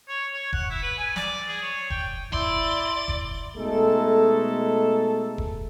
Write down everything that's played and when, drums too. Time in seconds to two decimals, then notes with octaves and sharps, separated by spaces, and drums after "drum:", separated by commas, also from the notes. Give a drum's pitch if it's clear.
0.08 C#5
0.33 C#5
0.53 F#5, drum: kick E1
0.70 E4
0.82 B4
0.97 G#5
1.16 D5, drum: snare
1.48 G#4
1.62 C#5
1.90 G5, drum: kick E1
2.33 E4 D5 C6, drum: kick E1
3.08 drum: kick E1
3.57 B2 G#3 A3 D#4 A4
5.38 drum: kick E1